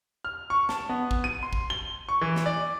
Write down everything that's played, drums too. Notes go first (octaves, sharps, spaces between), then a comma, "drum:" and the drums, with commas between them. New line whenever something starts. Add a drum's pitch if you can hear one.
F6
C#6
A5, drum: snare
B3
drum: kick
D#7
C6
drum: kick
G7
C#6
E3
drum: snare
D5